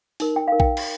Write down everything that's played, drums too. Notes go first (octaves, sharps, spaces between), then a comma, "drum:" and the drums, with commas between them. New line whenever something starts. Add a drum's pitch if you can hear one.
D#4 A#4, drum: open hi-hat
G5
D#4 A#4 F5
G5, drum: kick A#1
drum: cymbal